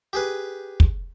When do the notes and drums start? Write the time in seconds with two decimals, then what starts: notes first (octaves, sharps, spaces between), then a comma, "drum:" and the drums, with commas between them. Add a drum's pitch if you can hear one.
0.13 G4 G#4 B4
0.80 drum: kick